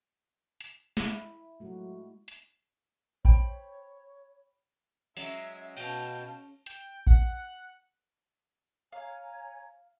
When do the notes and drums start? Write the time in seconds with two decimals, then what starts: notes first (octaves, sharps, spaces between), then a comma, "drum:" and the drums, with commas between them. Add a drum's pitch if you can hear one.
0.61 drum: hi-hat
0.97 E4, drum: snare
1.60 F#3 G#3 A3 F#4
2.28 drum: hi-hat
3.25 C5 C#5 G5 B5, drum: kick A1
5.17 F#3 G#3 C#4 E5, drum: open hi-hat
5.77 B2 C#4 F5 G5 A5, drum: cymbal
6.66 G5, drum: hi-hat
7.07 F#5, drum: kick A1
8.93 C#5 F5 G#5 A#5